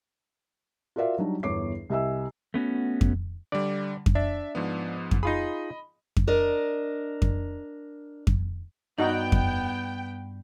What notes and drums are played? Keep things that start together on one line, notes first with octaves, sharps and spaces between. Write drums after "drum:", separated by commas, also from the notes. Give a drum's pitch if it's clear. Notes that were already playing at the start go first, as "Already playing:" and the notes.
F4 F#4 A#4 D5 E5 F5
F#3 G3 D4 D#4
G1 E2 C#5 D6 C7
C2 G4 D#5 E5 G#5 E6
A3 B3 C#4 F#4
drum: kick F2
D3 G3 D5
drum: kick F2
D4 E5
G#2 F3 B3
drum: kick F2
D#4 F4 G#4 D#5 B5
drum: kick F2
D4 A#4 D#5
drum: kick F2
drum: kick F2
G2 B3 D#4 F#4 D5 G5
drum: kick F2